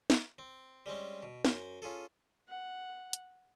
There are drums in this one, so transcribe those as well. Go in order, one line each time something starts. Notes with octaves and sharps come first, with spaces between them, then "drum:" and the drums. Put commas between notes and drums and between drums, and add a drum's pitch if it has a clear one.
drum: snare
C4
G3 G#3 C4 C#4
B2
F#2 C5, drum: snare
C#4 F4 G#4 A4
F#5
drum: hi-hat